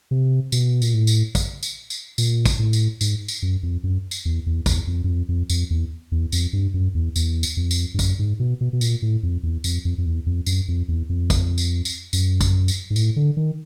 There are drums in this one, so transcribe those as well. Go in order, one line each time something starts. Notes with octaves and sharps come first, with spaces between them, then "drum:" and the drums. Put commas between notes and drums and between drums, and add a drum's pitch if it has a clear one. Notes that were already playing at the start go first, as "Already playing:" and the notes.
C3
B2, drum: tambourine
A#2, drum: tambourine
A2
drum: tambourine
drum: kick, tambourine
drum: tambourine
drum: tambourine
A#2, drum: tambourine
drum: kick, tambourine
A2
drum: tambourine
G#2, drum: tambourine
drum: tambourine
F#2
F2
F#2
drum: tambourine
E2
E2
E2, drum: kick, tambourine
F2
F#2
F2
F2
F2, drum: tambourine
E2
E2
F2, drum: tambourine
G2
F#2
E2
E2, drum: tambourine
drum: tambourine
F2
drum: tambourine
G2
F#2, drum: kick, tambourine
G#2
B2
B2
B2
A#2, drum: tambourine
A2
F2
E2
F2, drum: tambourine
F2
F2
E2
F2
F#2, drum: tambourine
F2
E2
F2
drum: kick, tambourine
drum: tambourine
drum: tambourine
F#2, drum: tambourine
drum: kick, tambourine
drum: tambourine
G#2
A2, drum: tambourine
D3
D#3